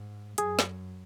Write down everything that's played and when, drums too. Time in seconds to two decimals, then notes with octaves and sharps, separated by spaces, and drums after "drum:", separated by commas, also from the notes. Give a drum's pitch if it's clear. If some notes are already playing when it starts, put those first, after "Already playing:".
Already playing: G#2
0.38 F#2 G#4, drum: hi-hat
0.59 drum: snare